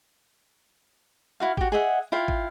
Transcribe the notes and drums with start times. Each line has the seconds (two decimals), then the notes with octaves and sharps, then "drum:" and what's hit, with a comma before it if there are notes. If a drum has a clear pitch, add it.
1.40 E4 F#4 F5
1.57 F#4 G4, drum: kick
1.72 G#4 D#5 E5 F#5
2.12 E4 F4 F5 G5
2.28 drum: kick